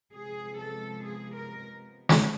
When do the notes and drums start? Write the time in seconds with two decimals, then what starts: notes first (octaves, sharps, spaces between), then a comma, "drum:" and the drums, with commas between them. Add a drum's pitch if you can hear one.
0.14 C3 F3 G#3 B3 G#4
0.60 A4
1.06 G#4
1.36 A#4
2.09 drum: snare